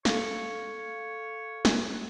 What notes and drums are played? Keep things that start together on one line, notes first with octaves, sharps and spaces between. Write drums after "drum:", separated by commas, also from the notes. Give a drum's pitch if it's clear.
A4 C#5 F5, drum: snare
drum: snare